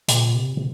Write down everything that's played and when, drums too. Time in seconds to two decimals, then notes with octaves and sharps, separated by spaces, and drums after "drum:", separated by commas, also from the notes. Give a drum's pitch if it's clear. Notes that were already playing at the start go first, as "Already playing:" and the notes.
0.08 A#2, drum: hi-hat
0.35 C3
0.57 C3